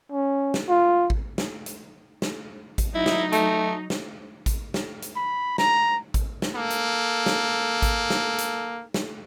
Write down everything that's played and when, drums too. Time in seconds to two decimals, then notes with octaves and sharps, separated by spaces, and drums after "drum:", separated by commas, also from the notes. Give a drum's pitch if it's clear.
0.12 C#4
0.54 drum: snare
0.69 F4
1.10 drum: kick A1
1.38 drum: snare
1.66 drum: hi-hat
2.22 drum: snare
2.78 drum: kick A1, hi-hat
2.95 F#3 D#4 E4
3.06 drum: snare
3.32 A3, drum: hi-hat
3.90 drum: snare
4.46 drum: kick A1, hi-hat
4.74 drum: snare
5.02 drum: hi-hat
5.16 B5
5.58 A#5, drum: snare
6.14 drum: kick A1, hi-hat
6.42 drum: snare
6.56 A#3 A4
6.70 drum: hi-hat
7.26 drum: snare
7.82 drum: kick A1, hi-hat
8.10 drum: snare
8.38 drum: hi-hat
8.94 drum: snare